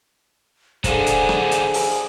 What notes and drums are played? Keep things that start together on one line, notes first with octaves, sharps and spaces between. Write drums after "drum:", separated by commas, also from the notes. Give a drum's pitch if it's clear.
D3 E3 D#4 G#4 C5 F5 G#5, drum: kick, hi-hat
drum: hi-hat
drum: rim click
drum: hi-hat
drum: open hi-hat